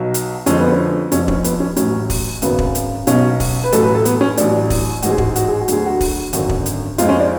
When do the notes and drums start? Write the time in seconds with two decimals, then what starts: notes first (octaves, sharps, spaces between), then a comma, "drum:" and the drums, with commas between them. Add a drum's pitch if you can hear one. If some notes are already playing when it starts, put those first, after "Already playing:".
Already playing: B1 B2 F#3
0.14 drum: hi-hat
0.46 F2 D3 F3 G#3 C#4, drum: hi-hat
0.60 B3
0.72 C#4
1.12 F1 F2 F3 C#4, drum: hi-hat
1.28 C#4, drum: kick
1.44 B3, drum: hi-hat
1.60 C#4
1.76 A1 A2 F#3 C#4, drum: hi-hat
2.10 drum: kick, open hi-hat
2.42 G#1 F#2 C#3 F#3 B3, drum: hi-hat
2.59 drum: kick
2.75 drum: hi-hat
3.07 B1 B2 F#3 C#4, drum: hi-hat
3.40 drum: kick, open hi-hat
3.64 B4
3.72 A1 A2 F#3 A4, drum: hi-hat
3.83 B4
3.95 A4
4.05 B3, drum: hi-hat
4.21 C#4
4.37 A1 A2 F#3 D4, drum: hi-hat
4.70 drum: kick, open hi-hat
5.02 A1 G#2 G#3 F#4, drum: hi-hat
5.11 G#4
5.18 F#4, drum: kick
5.36 F#4, drum: hi-hat
5.48 G#4
5.61 F#4
5.68 D2 D3 F#3 G#4, drum: hi-hat
5.86 F#4
6.01 drum: kick, open hi-hat
6.33 G#1 F#2 D3 F#3 F#4, drum: hi-hat
6.49 drum: kick
6.66 drum: hi-hat
6.98 F2 F3 G#3 F4, drum: hi-hat
7.09 C#4
7.20 D4